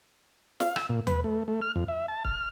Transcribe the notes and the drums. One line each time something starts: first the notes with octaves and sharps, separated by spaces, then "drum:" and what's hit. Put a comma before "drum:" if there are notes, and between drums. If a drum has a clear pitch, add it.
F5, drum: snare
E6, drum: rim click
A#2
B4, drum: tom D#2
A3
A3
F6
F2
E5
A5
F6, drum: kick